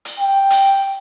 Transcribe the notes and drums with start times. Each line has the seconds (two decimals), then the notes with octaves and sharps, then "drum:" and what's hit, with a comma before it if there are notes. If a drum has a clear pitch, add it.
0.05 drum: hi-hat
0.19 G5
0.50 drum: hi-hat